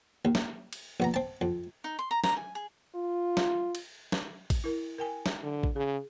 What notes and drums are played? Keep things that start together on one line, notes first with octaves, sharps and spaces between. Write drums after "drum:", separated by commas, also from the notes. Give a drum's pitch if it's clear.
D#2
drum: snare
drum: cymbal
A#1 B3 A#5
C4 A5
F2
D#4
C6
A#5
A#5, drum: snare
G#5
G#4
F4
drum: snare
drum: cymbal
drum: snare
drum: kick A1, cymbal
E4 A#4
A#4 G5 G#5
drum: snare
D3
drum: kick A1
C#3 G#4